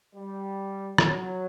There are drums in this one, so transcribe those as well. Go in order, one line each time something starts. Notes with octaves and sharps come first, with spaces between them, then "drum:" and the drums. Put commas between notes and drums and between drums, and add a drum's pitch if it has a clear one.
G3
F#3, drum: rim click